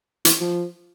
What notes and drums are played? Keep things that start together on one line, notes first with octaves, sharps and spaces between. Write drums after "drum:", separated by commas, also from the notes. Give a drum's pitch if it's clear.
E3, drum: hi-hat
F3